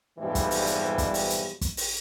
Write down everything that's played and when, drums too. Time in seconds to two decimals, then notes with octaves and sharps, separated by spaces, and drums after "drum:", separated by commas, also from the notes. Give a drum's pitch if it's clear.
0.19 F2 G#2 B2 E3 F3 G3
0.35 drum: kick, hi-hat
0.51 drum: open hi-hat
0.67 drum: hi-hat
0.98 drum: kick, hi-hat
1.14 drum: open hi-hat
1.30 drum: hi-hat
1.61 drum: kick, hi-hat
1.77 drum: open hi-hat